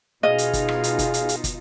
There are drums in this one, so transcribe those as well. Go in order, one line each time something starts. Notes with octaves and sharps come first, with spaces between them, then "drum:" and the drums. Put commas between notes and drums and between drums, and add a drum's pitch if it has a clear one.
B2 D#4 F4 G#4 D#5 F5
drum: hi-hat
drum: kick, hi-hat
drum: rim click
drum: hi-hat
drum: kick, hi-hat
drum: hi-hat
drum: hi-hat
drum: kick, hi-hat